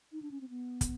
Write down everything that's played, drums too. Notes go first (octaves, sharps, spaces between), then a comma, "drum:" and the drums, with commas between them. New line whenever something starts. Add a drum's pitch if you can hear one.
D#4
D4
C#4
C4
B3
drum: kick, hi-hat